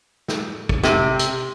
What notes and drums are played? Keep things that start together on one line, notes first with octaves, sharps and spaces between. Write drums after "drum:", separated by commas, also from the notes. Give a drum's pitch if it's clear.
drum: snare
drum: kick
C3, drum: snare
drum: hi-hat